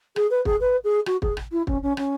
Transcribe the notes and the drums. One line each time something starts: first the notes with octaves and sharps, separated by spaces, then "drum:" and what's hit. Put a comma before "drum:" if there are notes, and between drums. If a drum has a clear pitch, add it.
G#4, drum: rim click
B4
G#4, drum: kick
B4
G#4
F#4, drum: rim click
G#4, drum: kick
drum: rim click
E4
C#4, drum: kick
C#4
C#4, drum: rim click